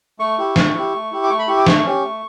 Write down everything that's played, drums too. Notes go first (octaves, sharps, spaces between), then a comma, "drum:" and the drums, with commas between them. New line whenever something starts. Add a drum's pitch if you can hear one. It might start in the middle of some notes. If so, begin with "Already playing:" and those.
A3 C#6
E4 G4
A3, drum: snare
E4 G4
A3
E4 G4
D6
A3 C#6
B5
E4 G4 C#6
D6
A3 C#6, drum: snare
C#4 G4
A3